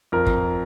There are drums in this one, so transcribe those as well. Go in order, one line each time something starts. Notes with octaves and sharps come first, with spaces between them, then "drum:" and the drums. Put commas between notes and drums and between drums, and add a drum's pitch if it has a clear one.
F2 A#4
drum: kick